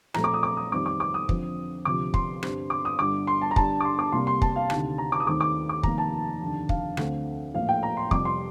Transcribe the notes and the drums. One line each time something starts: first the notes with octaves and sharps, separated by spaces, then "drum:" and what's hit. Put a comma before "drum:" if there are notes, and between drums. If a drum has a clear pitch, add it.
A#1 A#2 A3 C4 A#5, drum: rim click
D6
D#6
D6
D#6
F2 D#3 G3 C4 D6
D6
D6
D#6
F2 D3 F3 C4, drum: kick
D2 C3 F3 D6
C6, drum: kick
G2 D3 G3 C4, drum: rim click
D6
D#6
G1 G2 D3 G3 D6
C6
A5
A#5
G2 D3 G3 A5, drum: kick
D6
C6
D6
C2 C3 G3 A#3 C6
C6
A5, drum: kick
F5
D2 C3 D#3 A5, drum: rim click
A#5
D6
D#6
D#2 D#3 A3 C4 D6
D6
D6
F1 D#2 D#3 G3 A#3 A#5, drum: kick
A5
F1 D#2 D3
F5, drum: kick
D2 D3 A3 C4, drum: rim click
A#1 A2 F3 A#3 F5
G5
A#5
C6
F2 C3 G3 D6, drum: kick
C6